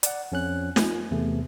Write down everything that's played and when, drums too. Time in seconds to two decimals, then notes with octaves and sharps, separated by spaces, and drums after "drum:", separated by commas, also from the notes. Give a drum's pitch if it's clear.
0.03 D5 F#5, drum: hi-hat
0.32 F2 C#4 F#6
0.76 F4 G#5, drum: snare
1.11 E2 C3 A3